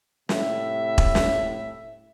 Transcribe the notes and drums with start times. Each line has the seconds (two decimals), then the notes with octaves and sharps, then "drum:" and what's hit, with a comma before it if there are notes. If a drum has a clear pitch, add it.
0.29 A2 C3 E5, drum: snare
0.98 drum: kick E1
1.15 drum: snare